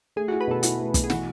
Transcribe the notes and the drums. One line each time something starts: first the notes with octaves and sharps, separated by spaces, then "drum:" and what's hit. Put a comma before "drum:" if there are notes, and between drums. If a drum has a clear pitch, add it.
A3 G#4
E4 F#4
B4
B2 A4
E4 F#4, drum: hi-hat
A3
B2, drum: kick, hi-hat
G#4
E3 F#4, drum: snare